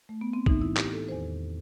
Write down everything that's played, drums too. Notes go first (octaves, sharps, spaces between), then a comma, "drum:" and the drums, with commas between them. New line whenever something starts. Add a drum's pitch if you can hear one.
A3
B3
C4
A2 E3 D#4, drum: kick
E4
G4, drum: clap
A4
E2 D#3 C5